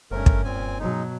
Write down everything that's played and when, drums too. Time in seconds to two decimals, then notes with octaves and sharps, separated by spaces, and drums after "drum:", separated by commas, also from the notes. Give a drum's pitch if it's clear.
0.11 F#1 G2 A3 C#4 A#4
0.26 drum: kick
0.45 A#2 C4 G#5
0.79 B2 F#3 G#3 D#4